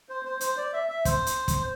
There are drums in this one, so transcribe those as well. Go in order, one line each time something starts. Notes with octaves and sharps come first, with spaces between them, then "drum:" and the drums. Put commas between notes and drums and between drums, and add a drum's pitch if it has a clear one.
C5
C5
C5, drum: hi-hat
D5
E5
E5
C5, drum: kick, hi-hat
drum: hi-hat
drum: kick, hi-hat